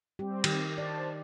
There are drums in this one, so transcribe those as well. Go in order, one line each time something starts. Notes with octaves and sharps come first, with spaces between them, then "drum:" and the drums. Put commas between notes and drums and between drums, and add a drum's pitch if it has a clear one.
G3 C4 G4
D#3 G4, drum: cymbal
C5 D5 A5